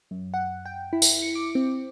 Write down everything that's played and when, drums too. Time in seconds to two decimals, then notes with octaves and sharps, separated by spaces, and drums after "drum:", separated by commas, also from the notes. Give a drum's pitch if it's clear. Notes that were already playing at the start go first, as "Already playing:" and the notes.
0.11 F#2
0.34 F#5
0.66 G5
0.93 E4
1.02 drum: tambourine
1.22 C#7
1.35 D6
1.55 C4